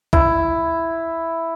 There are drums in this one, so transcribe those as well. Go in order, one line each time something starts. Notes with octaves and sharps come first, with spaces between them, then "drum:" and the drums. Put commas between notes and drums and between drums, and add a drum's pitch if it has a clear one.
E4, drum: kick C2